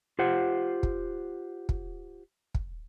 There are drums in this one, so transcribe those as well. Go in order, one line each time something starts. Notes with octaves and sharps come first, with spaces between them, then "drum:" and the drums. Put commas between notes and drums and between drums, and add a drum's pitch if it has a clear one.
F4 G4 C5 F#5
drum: kick
drum: kick
drum: kick